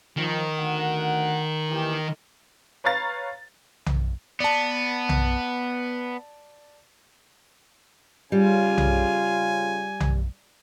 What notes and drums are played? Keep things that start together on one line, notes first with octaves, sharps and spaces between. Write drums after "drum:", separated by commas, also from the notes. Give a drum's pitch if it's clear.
D#3 F3
D2 F#5
D#2 E3 G4
B4 C#5 F5 A#5 A6
drum: tom B1
B3 D5 A5
drum: tom B1
C#3 G3 F4 G#5
drum: tom B1
drum: tom B1